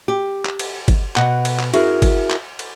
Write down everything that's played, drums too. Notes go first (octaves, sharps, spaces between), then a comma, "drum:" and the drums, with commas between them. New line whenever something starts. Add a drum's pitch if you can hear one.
G4
drum: clap
drum: cymbal
drum: kick, cymbal
B2 F#5, drum: clap
drum: cymbal
drum: clap
E4 F#4 G#4 A#4, drum: cymbal
drum: kick, cymbal
drum: clap
drum: cymbal